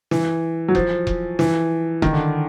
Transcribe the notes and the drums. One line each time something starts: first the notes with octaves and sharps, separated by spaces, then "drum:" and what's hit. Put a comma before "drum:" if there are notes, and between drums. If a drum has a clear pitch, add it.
E3, drum: snare
F#3
F3, drum: kick E1
drum: kick E1
E3, drum: snare
D#3, drum: kick E1
D3